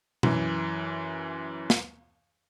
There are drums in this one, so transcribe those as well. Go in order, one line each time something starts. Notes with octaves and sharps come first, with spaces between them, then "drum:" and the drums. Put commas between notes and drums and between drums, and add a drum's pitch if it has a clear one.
F#2 E3, drum: tom B2
drum: snare